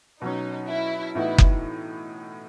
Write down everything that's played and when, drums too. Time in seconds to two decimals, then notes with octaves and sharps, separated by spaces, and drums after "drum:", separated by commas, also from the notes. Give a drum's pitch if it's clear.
0.22 B2 F#3 C#4 D#4
0.69 E4
1.15 A2 E3 B3 D#4 E4 F#4
1.39 drum: kick F#1